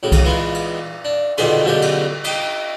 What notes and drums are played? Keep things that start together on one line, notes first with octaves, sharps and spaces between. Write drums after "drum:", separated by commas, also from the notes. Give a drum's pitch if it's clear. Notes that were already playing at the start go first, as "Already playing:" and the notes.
A2 C#3 F#4
drum: kick C2, cymbal
E3 G#3 B3 F4
drum: cymbal
D4
F2 B2 D3 D#3 G#4 C6, drum: cymbal
F#2 B2 D3 F3 G4 G#4
drum: cymbal
D#5 G5, drum: cymbal